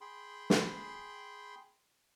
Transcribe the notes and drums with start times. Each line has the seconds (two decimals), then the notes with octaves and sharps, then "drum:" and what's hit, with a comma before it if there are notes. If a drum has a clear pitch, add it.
0.01 G#4 G5 B5 C6
0.50 drum: snare